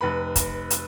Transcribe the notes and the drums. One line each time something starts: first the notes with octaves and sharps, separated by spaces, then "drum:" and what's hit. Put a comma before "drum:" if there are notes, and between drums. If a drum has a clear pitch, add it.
F1 B4 B5
drum: kick, hi-hat
drum: hi-hat